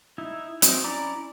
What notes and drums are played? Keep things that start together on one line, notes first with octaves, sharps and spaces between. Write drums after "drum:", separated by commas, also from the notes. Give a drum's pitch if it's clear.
D#4 E4
F#3 C4 D#4, drum: hi-hat
C#4 E4 D5 A#5 D6